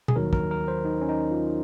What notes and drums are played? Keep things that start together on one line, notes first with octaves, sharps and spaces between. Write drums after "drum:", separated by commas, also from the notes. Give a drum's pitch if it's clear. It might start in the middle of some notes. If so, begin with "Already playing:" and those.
G#4, drum: tom B2
D#2 D#3 F#3 A#4
A#4, drum: kick
A#4
C5
D#4
C#4
D#4
F4